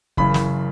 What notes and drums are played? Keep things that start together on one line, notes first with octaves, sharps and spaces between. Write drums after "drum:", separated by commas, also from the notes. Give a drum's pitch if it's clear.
F#1 F#2 C#3 E3 B5, drum: kick
drum: snare